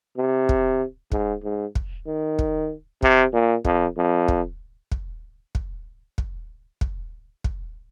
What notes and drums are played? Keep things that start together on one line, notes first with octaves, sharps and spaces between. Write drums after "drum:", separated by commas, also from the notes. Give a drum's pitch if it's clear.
C3
drum: kick
G#2, drum: kick
G#2
drum: kick
D#3
drum: kick
C3, drum: kick
A#2
F2, drum: kick
F2
drum: kick
drum: kick
drum: kick
drum: kick
drum: kick
drum: kick